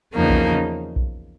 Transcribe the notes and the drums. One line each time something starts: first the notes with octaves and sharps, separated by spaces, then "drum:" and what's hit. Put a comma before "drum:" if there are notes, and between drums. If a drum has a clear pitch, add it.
E2 C#3 F3 A#3 D#4
drum: kick A#1
drum: kick A#1